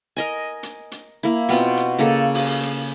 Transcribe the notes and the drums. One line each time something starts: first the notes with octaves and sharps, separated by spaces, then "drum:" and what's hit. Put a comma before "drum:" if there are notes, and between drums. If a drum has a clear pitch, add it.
A#4 D#5 G#5
drum: hi-hat
drum: hi-hat
A#3 E4
B2 B3 C4 F4, drum: hi-hat
drum: hi-hat
C#3 A#3 A4
drum: open hi-hat
drum: hi-hat